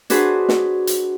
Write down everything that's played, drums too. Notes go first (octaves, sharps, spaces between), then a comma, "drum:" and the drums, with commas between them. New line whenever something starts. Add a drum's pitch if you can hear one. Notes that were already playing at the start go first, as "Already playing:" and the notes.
D4 F#4 G#4 B4 C5, drum: hi-hat
drum: snare
drum: hi-hat